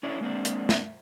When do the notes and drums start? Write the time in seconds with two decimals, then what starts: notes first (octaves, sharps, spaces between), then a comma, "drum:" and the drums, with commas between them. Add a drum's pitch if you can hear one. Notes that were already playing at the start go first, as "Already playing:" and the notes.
0.03 C#4 D4 E4 A4 C#5 D5
0.21 G#3 A#3 C4 D4
0.45 drum: hi-hat
0.69 drum: snare